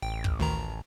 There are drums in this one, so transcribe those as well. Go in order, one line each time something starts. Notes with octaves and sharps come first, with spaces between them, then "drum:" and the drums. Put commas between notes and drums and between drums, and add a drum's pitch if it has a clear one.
A1 G5
drum: kick
D2 D#3 A#5